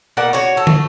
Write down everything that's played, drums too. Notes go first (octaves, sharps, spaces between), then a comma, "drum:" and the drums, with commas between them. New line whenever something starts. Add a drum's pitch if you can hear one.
B2 A#3 D5 F#5
F#4 C#5
A3
drum: tom